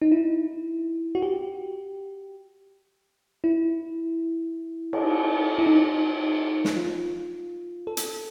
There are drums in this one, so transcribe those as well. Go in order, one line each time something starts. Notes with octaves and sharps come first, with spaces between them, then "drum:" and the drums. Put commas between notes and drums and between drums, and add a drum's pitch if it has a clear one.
D#4
E4
F#4
G4
E4
drum: cymbal
E4
D#4
drum: snare
F4
A4
drum: hi-hat